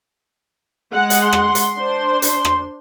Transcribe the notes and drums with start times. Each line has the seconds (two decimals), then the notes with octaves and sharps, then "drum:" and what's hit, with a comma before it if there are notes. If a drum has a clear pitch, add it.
0.93 G#3 F#5
1.10 drum: hi-hat
1.22 C6
1.33 drum: rim click
1.55 drum: hi-hat
1.77 D4 C5
2.22 drum: hi-hat
2.45 drum: rim click